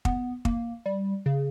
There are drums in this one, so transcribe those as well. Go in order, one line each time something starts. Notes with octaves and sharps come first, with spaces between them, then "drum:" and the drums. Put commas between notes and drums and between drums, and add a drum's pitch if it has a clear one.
B3, drum: kick
A#3, drum: kick
G3
C#3